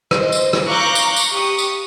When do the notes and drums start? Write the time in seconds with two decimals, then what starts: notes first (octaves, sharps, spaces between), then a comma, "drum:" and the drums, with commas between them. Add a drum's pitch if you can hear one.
0.11 C5 D#5, drum: rim click
0.32 drum: tambourine
0.53 drum: rim click
0.67 F5 A#5 C#6 D6 F#6 G6
0.95 drum: tambourine
1.16 drum: tambourine
1.32 G4 C#6 D#6
1.58 drum: tambourine